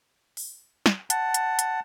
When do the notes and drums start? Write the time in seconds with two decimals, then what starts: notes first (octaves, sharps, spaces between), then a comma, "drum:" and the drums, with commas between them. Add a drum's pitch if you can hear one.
0.37 drum: open hi-hat
0.86 drum: snare
1.10 F#5 A5, drum: hi-hat
1.34 drum: hi-hat
1.59 drum: hi-hat